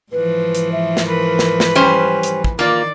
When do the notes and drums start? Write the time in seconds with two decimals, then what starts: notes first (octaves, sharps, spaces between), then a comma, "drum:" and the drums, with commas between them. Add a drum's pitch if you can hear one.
0.12 G#2 E3 F3 B4
0.55 drum: hi-hat
0.72 E5
0.97 drum: snare
1.08 A#4 B4
1.39 drum: snare
1.60 drum: snare
1.75 G3 C#4 C5 G#5
2.23 drum: hi-hat
2.44 drum: kick
2.59 D#3 A#3 F4 D5